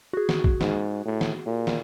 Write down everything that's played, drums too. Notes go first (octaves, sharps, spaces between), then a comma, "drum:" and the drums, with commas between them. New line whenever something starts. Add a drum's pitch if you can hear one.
F#4 G#4
drum: snare
drum: kick
G#2, drum: snare
A2
drum: snare
A#2
drum: snare